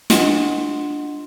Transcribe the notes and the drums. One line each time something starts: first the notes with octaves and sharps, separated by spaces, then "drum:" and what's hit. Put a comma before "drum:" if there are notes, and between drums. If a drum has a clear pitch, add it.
D4 F4 D#5 F#5 C6 E7, drum: snare